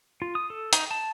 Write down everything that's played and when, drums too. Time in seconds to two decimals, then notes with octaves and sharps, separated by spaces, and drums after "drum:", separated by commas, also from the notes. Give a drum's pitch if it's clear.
0.22 F4
0.35 D#6
0.50 A4
0.73 D#4, drum: hi-hat
0.91 A5